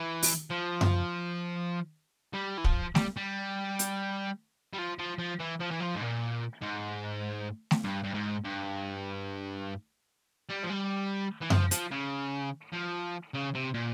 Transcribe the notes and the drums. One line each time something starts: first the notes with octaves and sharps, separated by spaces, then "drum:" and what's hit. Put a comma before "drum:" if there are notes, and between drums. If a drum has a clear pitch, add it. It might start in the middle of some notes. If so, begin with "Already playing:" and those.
Already playing: E3
drum: open hi-hat
F3
drum: tom F#2
G3
E3
F3, drum: kick
G3, drum: snare
G3
drum: hi-hat
G3
F3
F3
F3
E3
F3
E3
F3
G#2
A#2
G#2
drum: snare
G2
G2
G#2
G2
G3
F3
G3
E3
F3, drum: tom F#2
F3, drum: hi-hat
C#3
F3
C#3
C3
A#2